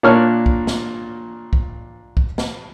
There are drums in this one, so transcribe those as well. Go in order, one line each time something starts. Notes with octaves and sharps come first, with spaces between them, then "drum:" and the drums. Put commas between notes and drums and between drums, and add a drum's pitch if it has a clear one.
A#2 A#3 D4 C#5 F6 F#6
drum: kick
drum: snare
drum: kick
drum: kick
drum: snare